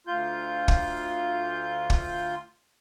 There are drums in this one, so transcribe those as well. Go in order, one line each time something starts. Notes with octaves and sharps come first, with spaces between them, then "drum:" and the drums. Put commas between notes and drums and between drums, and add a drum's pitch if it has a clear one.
D2 F4 G6
drum: kick
drum: kick